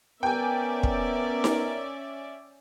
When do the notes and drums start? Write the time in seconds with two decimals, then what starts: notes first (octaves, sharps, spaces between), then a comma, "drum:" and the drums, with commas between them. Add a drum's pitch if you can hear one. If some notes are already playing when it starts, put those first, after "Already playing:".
0.23 B3 C#4 A#4 D5 E5 G5 G#5
0.83 drum: kick
1.44 drum: snare D#4